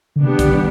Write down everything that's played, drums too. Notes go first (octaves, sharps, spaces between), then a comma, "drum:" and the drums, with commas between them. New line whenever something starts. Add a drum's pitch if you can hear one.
D3
C3 G3 B3 D4 G4
D3, drum: kick, hi-hat
D#3